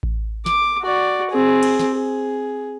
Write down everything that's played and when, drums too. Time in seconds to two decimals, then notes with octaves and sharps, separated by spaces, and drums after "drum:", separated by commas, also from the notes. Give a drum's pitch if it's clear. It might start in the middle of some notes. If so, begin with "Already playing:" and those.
0.03 drum: kick A1
0.46 D6, drum: snare
0.82 F#4 D5
1.30 C4 G#4
1.63 drum: cymbal
1.79 drum: snare
1.95 G#4